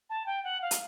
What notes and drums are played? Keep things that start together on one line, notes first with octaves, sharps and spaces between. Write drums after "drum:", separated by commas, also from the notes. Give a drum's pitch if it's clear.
A5
G5
F#5
F5
drum: hi-hat